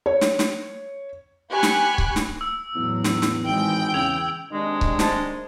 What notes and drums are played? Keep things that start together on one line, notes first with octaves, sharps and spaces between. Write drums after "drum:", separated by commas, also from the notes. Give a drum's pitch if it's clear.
C#5
drum: snare
drum: snare
G4 G#5 B5 C#6 F#6
drum: snare
drum: kick C#1
drum: snare
E6
E2 A2 F#3
drum: snare
drum: snare
G#1 E3 G#3 G5
E2 C#3 E6 G#6 F7
C3 D#3 G#3 D4
drum: kick C#1
C5 A5 A6, drum: snare